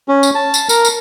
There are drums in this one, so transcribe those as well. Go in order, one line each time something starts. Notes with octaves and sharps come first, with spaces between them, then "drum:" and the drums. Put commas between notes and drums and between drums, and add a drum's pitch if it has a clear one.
C#4
drum: tambourine
A5
drum: tambourine
A#4, drum: tambourine
drum: tambourine